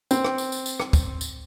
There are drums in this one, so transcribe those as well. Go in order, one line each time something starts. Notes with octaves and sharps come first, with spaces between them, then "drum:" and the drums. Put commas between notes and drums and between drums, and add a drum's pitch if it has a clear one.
C4, drum: tambourine
drum: rim click
drum: tambourine
drum: tambourine
drum: tambourine
drum: rim click
drum: kick, tambourine
drum: tambourine